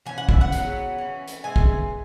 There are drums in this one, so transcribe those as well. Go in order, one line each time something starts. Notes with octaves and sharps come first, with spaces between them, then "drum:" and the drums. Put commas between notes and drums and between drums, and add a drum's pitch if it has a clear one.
E3 C#4 G#5
F#5
E5, drum: kick
F#5
C#3 F#3 B3, drum: hi-hat
E3 C#4
drum: hi-hat
E3 G#3 G#5
drum: kick